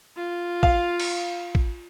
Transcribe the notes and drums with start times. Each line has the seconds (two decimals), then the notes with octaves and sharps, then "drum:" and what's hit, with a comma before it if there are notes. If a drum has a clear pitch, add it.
0.16 F4
0.63 F5, drum: kick
1.00 drum: cymbal
1.55 drum: kick